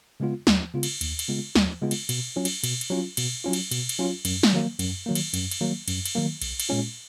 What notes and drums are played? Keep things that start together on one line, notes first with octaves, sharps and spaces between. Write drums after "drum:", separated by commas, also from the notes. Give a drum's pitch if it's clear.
C#3 G#3 B3 F4
D#2, drum: snare
C#3 G#3 B3 F4
drum: cymbal
D#2, drum: cymbal
drum: cymbal
C#3 G#3 B3 F4
D#2, drum: snare
C#3 G#3 B3 F4
drum: cymbal
B2, drum: cymbal
F#3 C#4 F4
drum: cymbal
B2, drum: cymbal
drum: cymbal
F#3 C#4 F4
B2, drum: cymbal
F#3 C#4 F4
drum: cymbal
B2, drum: cymbal
drum: cymbal
F#3 C#4 F4
F#2, drum: cymbal
drum: snare
D#3 F#3 A#3
F#2, drum: cymbal
D#3 F#3 A#3
drum: cymbal
F#2, drum: cymbal
drum: cymbal
D#3 F#3 A#3
F#2, drum: cymbal
drum: cymbal
D#3 F#3 A#3
B1, drum: cymbal
drum: cymbal
A#2 G#3 C#4 F4